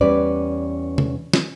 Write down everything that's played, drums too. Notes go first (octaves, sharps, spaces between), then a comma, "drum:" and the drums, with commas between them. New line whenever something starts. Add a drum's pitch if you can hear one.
E2 G3 C#4 B4 D5
drum: tom C3
drum: snare